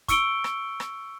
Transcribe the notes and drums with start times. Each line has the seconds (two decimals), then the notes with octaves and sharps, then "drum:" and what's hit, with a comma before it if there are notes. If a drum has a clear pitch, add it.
0.08 C#6 E6 C#7 D7 G7, drum: kick, hi-hat
0.44 drum: rim click
0.80 drum: rim click